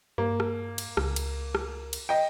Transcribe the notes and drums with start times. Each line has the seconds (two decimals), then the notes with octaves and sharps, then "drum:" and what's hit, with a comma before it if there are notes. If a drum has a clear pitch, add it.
0.18 G2 A#3
0.40 drum: rim click
0.78 drum: cymbal
0.97 C#2, drum: rim click
1.16 drum: cymbal
1.55 drum: rim click
1.93 drum: cymbal
2.09 D#5 G5